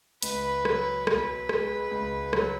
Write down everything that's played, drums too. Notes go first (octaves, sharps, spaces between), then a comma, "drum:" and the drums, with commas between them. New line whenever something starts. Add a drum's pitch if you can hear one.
C#2 B4, drum: hi-hat
F#3, drum: rim click
B1 B4, drum: rim click
G#3, drum: rim click
C#2
F#3, drum: rim click